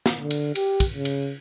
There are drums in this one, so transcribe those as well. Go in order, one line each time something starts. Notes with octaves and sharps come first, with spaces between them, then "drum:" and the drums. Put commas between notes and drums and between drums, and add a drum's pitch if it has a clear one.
drum: snare
D3
drum: cymbal
G4, drum: cymbal
drum: kick, cymbal
C#3
drum: cymbal